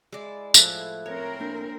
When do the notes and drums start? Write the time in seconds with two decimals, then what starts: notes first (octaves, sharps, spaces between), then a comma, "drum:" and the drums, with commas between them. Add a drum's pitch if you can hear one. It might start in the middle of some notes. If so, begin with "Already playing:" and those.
0.13 G#3 E4 D5
0.54 A2 F3 E4 F#6, drum: tambourine
1.06 C4 A#4 C#5
1.40 A#3 D4